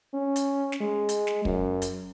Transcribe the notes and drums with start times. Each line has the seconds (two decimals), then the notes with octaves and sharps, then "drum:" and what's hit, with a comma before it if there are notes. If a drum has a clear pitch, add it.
0.14 C#4
0.36 drum: hi-hat
0.72 drum: snare
0.81 G#3
1.09 drum: hi-hat
1.27 drum: snare
1.45 F#2, drum: kick
1.82 drum: hi-hat